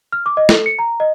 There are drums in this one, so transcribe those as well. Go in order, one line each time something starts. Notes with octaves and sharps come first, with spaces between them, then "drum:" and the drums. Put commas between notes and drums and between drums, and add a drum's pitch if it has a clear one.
F6
D6
D#5
A4, drum: snare
C#7
A#5
D#5